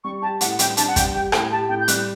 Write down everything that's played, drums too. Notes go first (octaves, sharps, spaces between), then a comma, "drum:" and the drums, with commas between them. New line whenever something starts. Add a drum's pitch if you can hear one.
G3 C#6
G4 A5
A2 F#5, drum: hi-hat
G3 G5, drum: hi-hat
D4 A5, drum: hi-hat
F#5
G3 G5, drum: kick, hi-hat
G4 G5
A2 G5, drum: rim click
G4 A5
A2 G5
G6
G3 F#6, drum: hi-hat